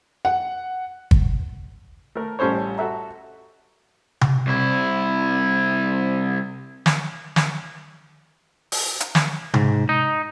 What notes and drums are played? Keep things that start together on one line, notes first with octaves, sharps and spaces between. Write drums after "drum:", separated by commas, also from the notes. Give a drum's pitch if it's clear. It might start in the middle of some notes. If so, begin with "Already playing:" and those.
F#5
drum: kick
A3 A#4
A1 G3 C#4 A4 C5 C#5
F#4 A4 E5 A#5
drum: tom C3
C2 E4
drum: snare
drum: snare
drum: open hi-hat
drum: hi-hat
drum: snare
G#2, drum: tom C3
D#4